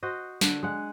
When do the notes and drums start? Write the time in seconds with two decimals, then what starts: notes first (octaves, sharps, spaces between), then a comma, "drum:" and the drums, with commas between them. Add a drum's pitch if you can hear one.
0.03 F#4 C5 D#5
0.41 D3, drum: snare
0.63 G#3 F#5